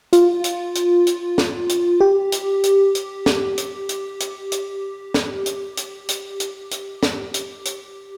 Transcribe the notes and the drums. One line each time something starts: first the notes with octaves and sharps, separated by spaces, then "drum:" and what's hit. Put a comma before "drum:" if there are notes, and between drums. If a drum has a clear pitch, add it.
F4, drum: hi-hat
drum: hi-hat
drum: hi-hat
drum: hi-hat
drum: snare
drum: hi-hat
G4
drum: hi-hat
drum: hi-hat
drum: hi-hat
drum: snare
drum: hi-hat
drum: hi-hat
drum: hi-hat
drum: hi-hat
drum: snare
drum: hi-hat
drum: hi-hat
drum: hi-hat
drum: hi-hat
drum: hi-hat
drum: snare
drum: hi-hat
drum: hi-hat